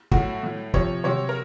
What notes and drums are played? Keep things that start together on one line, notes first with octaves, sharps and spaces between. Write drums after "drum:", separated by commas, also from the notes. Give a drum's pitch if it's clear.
A2 F#3 F#4, drum: kick
A2 F#3
C3 F3 C#5, drum: kick
C3 F#3 C#5
A#4